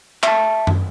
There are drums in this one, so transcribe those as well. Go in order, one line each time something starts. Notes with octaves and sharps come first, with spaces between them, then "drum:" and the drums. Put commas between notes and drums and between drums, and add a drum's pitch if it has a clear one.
E5 A5, drum: clap
drum: tom F#2